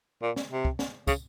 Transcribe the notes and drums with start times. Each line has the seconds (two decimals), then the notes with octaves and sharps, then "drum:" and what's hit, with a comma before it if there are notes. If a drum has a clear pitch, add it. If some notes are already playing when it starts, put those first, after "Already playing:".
0.22 A#2
0.36 drum: snare
0.51 C3
0.65 drum: kick
0.79 drum: snare
1.07 C#3, drum: kick, tambourine